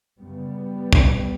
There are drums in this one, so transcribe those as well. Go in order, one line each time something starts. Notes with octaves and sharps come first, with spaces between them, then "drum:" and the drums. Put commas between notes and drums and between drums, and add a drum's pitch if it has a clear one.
F#2 C#3 G3 B3
drum: kick